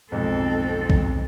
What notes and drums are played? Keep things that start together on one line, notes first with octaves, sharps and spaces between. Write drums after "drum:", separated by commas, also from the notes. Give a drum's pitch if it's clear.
B1 F2 G#2 C4 A4
drum: kick